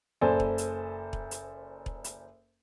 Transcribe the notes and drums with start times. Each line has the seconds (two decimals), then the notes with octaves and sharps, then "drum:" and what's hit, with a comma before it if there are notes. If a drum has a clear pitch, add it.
0.21 F#1 A4 C5 D5 G#5
0.40 drum: kick E1
0.58 drum: hi-hat
1.13 drum: kick E1
1.31 drum: hi-hat
1.86 drum: kick E1
2.04 drum: hi-hat